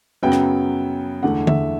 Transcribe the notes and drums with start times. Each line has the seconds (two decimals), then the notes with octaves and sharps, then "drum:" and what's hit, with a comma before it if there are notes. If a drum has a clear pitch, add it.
0.23 F#2 C#3 F#3 B3 G5
0.32 drum: rim click
1.23 E2 D3 A3 F#5
1.47 E5, drum: tom D3